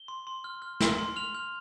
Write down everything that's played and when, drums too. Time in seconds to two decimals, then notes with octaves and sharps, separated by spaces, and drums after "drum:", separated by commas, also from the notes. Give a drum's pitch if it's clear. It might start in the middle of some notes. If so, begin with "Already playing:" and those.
Already playing: G7
0.08 C6
0.27 C6
0.44 F6
0.62 F6
0.80 C6, drum: snare
0.98 C6
1.16 F6 F7
1.35 F6